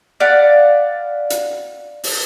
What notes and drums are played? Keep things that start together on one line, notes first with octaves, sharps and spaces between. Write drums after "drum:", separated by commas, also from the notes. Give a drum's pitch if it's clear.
D5 F5 F#5 B5
drum: hi-hat
drum: open hi-hat